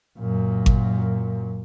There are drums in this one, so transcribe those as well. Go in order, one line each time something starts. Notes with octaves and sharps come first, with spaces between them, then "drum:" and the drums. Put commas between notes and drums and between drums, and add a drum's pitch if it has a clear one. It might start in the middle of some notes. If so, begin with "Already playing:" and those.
F#2 A#2
drum: kick G#1